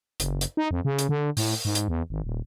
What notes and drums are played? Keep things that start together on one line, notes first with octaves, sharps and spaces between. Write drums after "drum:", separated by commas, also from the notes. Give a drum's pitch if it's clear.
F#1, drum: hi-hat
drum: hi-hat
D#4
F2
C#3
drum: hi-hat
D3
A2, drum: open hi-hat
G#2
drum: hi-hat
E2
G#1
D#1